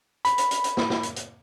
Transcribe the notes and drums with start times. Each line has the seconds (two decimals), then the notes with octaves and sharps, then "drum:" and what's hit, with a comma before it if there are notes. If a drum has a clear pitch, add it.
0.25 B5, drum: hi-hat
0.38 drum: hi-hat
0.51 drum: hi-hat
0.64 drum: hi-hat
0.77 drum: snare
0.90 drum: snare
1.03 drum: hi-hat
1.16 drum: hi-hat